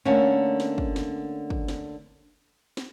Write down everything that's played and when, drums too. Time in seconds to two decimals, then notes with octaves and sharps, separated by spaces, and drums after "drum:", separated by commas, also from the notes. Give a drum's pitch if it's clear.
0.05 D3 A3 A#3 C#4
0.60 drum: snare
0.78 drum: kick
0.96 drum: snare
1.50 drum: kick
1.68 drum: snare
2.77 drum: snare